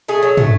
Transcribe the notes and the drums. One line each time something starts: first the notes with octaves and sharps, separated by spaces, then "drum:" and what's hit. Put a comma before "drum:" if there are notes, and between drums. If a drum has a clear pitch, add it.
A3 G#4
F#3
A3, drum: tom